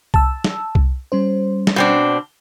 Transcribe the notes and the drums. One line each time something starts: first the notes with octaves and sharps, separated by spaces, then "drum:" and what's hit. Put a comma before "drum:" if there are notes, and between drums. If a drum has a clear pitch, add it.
A5 E6, drum: kick C2
drum: snare
drum: kick C2
G3 C#4 C5
drum: snare
B2 C4 D4